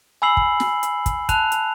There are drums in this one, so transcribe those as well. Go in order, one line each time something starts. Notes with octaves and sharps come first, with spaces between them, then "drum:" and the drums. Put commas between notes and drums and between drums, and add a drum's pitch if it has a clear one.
G#5 B5 E6 C7 F#7
drum: kick
drum: snare
drum: hi-hat
drum: kick, hi-hat
A5 F#6 F7, drum: kick, hi-hat
drum: hi-hat